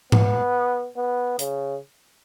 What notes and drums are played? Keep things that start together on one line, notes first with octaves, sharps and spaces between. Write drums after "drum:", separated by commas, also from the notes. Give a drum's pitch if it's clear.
B3, drum: tom G#2
B3
C#3, drum: hi-hat